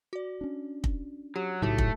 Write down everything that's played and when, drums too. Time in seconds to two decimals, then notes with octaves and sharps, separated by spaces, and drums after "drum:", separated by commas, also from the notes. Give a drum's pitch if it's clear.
0.13 F#4 D5
0.41 C#4 D4
0.84 drum: kick
1.36 F#3 G4
1.62 B1 A2 C#3 F#3 A3 D#4 F#4 G4
1.78 drum: kick